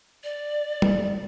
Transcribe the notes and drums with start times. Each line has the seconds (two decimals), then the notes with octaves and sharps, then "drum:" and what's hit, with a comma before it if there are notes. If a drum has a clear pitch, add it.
0.23 D5
0.82 drum: tom